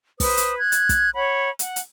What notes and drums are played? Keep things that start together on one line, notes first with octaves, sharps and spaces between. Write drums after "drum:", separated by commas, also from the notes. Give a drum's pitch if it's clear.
B4 C5 D#6, drum: kick, open hi-hat
drum: hi-hat
F#6 G#6
drum: hi-hat
drum: kick, hi-hat
C#5 F#5 B5
F#5, drum: hi-hat
drum: hi-hat